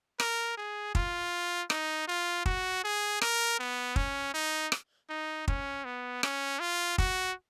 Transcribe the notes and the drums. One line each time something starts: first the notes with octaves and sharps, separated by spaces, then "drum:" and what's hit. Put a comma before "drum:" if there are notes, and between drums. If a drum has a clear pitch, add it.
A#4, drum: rim click
G#4
F4, drum: kick
D#4, drum: rim click
F4
F#4, drum: kick
G#4
A#4, drum: rim click
B3
C#4, drum: kick
D#4
drum: rim click
D#4
C#4, drum: kick
B3
C#4, drum: rim click
F4
F#4, drum: kick